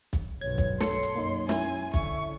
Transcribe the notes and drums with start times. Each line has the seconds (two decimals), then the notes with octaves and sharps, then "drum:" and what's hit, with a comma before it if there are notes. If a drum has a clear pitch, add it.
0.13 drum: kick, hi-hat
0.41 B1 G2 C#5 G#6
0.58 drum: kick, hi-hat
0.80 A4 C#5 C6 C#7, drum: snare
1.03 drum: hi-hat
1.15 F#2 A#3 D#4
1.49 C#4 E4 G#5, drum: snare
1.94 D3 E5 C#6, drum: kick, hi-hat